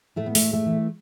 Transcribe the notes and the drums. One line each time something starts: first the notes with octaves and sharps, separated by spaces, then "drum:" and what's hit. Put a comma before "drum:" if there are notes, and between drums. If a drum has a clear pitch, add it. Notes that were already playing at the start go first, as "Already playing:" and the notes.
A2 A3
B3
A3, drum: open hi-hat
A2
A3
E3